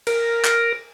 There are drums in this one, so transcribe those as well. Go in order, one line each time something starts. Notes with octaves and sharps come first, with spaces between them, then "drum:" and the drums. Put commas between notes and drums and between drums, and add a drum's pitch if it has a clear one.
A#4, drum: cymbal
drum: clap